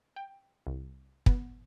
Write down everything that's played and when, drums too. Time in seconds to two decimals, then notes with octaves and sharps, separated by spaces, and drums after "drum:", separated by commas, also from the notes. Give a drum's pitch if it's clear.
0.16 G5
0.67 C2
1.26 B3, drum: kick